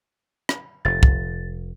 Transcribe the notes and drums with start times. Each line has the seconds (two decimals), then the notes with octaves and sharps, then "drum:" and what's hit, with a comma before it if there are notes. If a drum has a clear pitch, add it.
0.49 drum: rim click
0.85 F1 A6
1.03 drum: kick